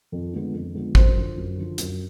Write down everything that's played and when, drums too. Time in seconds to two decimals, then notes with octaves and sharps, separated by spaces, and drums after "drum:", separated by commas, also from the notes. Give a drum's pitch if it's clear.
0.12 F2
0.33 D3 F3 G#3 B3
0.54 F2
0.74 D3 F3 G#3 B3
0.95 F#2 C5, drum: kick
1.16 D3 F3
1.37 F#2
1.57 D3 F3
1.78 F#2, drum: hi-hat